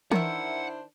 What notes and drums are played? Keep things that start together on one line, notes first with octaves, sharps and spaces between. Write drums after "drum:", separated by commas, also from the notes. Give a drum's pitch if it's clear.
D#3 D4 E4 A#4 C5 E5 F#5, drum: tom E3